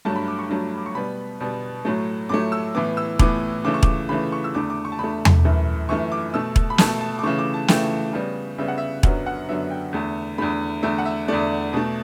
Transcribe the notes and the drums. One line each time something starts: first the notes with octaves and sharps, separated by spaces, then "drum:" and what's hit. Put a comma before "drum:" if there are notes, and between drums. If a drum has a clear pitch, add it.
G2 F#3 A3 A5
B5
D6
C#6
G2 F#3 A3
D6
C#6
B2 G3 B3 B5
B2 G3 B3
A2 F#3 A3
A2 F#3 A3 D6
E6
A2 E3 B3 D6
E6
A2 E3 B3 D6, drum: kick E1
C#3 E3 A3 D6
C#6
D6, drum: kick E1
C#3 E3 A3 B5
C#6
E6
E2 D3 A3 D6
D6
C#6
A5
E2 D3 A3 B5
drum: tom E2
F#2 E3 A3
F#2 E3 A3 C#6
D6
B2 A3 E6
drum: kick E1
B5
B2 A3 A5, drum: snare
A5
D6
C#3 E3 A3 C#6
D6
A5
C#3 E3 A3 G5, drum: snare
C#3 G3 B3
C#3 G3 B3 E5
F#5
E5
F#2 D3 F#3 B3 F#5, drum: kick E1
F#5
F#2 D3 F#3 B3 E5
G5
E2 D3 A3
E2 D3 A3 B5
E2 D3 A3 E5
F#5
E5
E2 D3 A3 D5
B2 A3